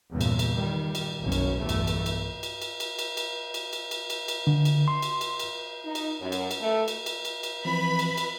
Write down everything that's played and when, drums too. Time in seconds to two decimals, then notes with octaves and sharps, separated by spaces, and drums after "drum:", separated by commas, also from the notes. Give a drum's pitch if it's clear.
0.11 E2 G2 A#2 C#3
0.21 drum: cymbal
0.39 drum: cymbal
0.53 D#3 G3
0.95 drum: cymbal
1.22 F#1 B1 F#2 B2 C#4
1.32 drum: cymbal
1.59 B1 E2 G2 A3
1.69 drum: cymbal
1.87 drum: cymbal
2.06 drum: cymbal
2.43 drum: cymbal
2.62 drum: cymbal
2.80 drum: cymbal
2.99 drum: cymbal
3.17 drum: cymbal
3.54 drum: cymbal
3.73 drum: cymbal
3.91 drum: cymbal
4.10 drum: cymbal
4.28 drum: cymbal
4.47 D3
4.65 drum: cymbal
4.88 C6
5.02 drum: cymbal
5.21 drum: cymbal
5.39 drum: cymbal
5.85 D#4
5.95 drum: cymbal
6.21 F#2
6.32 drum: cymbal
6.51 drum: cymbal
6.61 A3
6.88 drum: cymbal
7.06 drum: cymbal
7.25 drum: cymbal
7.43 drum: cymbal
7.65 E3 F3 C4 B4 B5
7.99 drum: cymbal
8.17 drum: cymbal